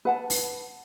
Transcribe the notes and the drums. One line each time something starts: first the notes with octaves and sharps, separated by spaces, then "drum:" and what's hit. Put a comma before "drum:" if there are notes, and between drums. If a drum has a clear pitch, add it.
B4 F#5 A5
drum: open hi-hat